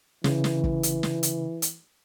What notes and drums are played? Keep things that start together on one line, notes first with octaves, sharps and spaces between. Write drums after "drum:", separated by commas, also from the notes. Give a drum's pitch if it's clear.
C#3 E3, drum: snare
drum: snare
drum: kick
drum: hi-hat
drum: snare
drum: hi-hat
drum: hi-hat